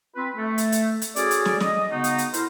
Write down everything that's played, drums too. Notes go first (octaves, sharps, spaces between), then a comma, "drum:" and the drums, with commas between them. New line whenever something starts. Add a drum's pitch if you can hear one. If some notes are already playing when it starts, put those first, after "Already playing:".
C4 F4 B4
A3
drum: hi-hat
drum: hi-hat
drum: hi-hat
C#4 F#4 G#4 A4 C#5 D5, drum: hi-hat
drum: hi-hat
drum: snare
D#5 D#6, drum: snare
C#3 B3 D#4 F#4
drum: hi-hat
drum: hi-hat
E4 A4 A#4 C5, drum: hi-hat